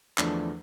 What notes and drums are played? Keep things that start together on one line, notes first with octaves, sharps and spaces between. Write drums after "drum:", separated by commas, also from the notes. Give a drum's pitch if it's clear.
E2 D3 F3 A3 D4, drum: clap